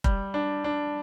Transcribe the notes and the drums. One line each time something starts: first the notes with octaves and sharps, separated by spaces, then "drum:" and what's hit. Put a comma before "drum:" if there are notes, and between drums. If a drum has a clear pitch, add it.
G3, drum: kick F1
D4
D4